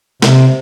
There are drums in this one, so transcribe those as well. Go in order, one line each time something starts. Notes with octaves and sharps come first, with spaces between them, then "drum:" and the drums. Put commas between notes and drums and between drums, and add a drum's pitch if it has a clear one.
C3, drum: snare